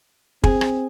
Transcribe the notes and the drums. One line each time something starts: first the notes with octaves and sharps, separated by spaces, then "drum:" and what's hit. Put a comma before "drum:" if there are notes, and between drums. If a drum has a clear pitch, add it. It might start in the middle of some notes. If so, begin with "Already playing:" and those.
C4 G#4, drum: kick
drum: rim click